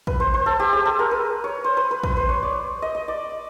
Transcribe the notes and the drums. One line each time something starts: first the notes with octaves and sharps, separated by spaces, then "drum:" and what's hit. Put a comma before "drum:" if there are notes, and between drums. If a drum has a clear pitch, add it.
B4, drum: kick
C5
C5
A4
G4
G#4
A4
A#4
B4
C#5
C5
B4
B4
B4, drum: kick
C5
C#5
D5
D#5
D#5
D5